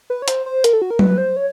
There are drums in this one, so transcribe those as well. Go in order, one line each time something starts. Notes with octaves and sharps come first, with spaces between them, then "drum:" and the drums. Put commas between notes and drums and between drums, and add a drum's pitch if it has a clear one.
B4
C#5
C5, drum: hi-hat
C5
A#4, drum: hi-hat
A4
F#4
A#4
B4, drum: tom F#3
C5
C#5